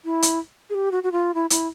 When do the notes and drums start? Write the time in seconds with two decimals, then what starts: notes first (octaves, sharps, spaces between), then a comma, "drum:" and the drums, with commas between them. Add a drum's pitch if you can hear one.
0.05 E4
0.22 drum: hi-hat
0.70 G#4
0.75 G4
0.92 F#4
1.03 F#4
1.12 F4
1.34 E4
1.50 E4, drum: hi-hat